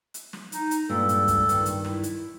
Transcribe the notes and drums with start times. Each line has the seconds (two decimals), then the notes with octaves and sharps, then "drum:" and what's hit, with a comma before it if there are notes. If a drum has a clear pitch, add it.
0.14 drum: hi-hat
0.33 drum: snare
0.52 D#4, drum: hi-hat
0.71 drum: hi-hat
0.89 G2 A#2 G#3 A4
1.09 drum: hi-hat
1.28 drum: kick, hi-hat
1.49 G2 D#3, drum: hi-hat
1.66 drum: hi-hat
1.85 E4, drum: snare
2.03 drum: hi-hat